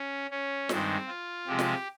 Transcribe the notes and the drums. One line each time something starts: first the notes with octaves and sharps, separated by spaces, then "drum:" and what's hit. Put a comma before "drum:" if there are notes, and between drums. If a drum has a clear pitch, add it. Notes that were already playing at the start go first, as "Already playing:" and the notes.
Already playing: C#4
C#4
G2 D#3 G#3 C4, drum: snare
F4
C3 F3 G#3 G4
drum: snare